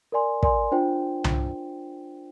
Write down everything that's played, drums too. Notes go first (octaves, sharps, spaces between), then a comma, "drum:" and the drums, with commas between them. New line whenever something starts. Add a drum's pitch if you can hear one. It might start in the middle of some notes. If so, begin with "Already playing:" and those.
A#4 D5 G#5 C6
A#4 D5 G#5 C6, drum: kick
D4 F4 C5 G5
drum: tom C2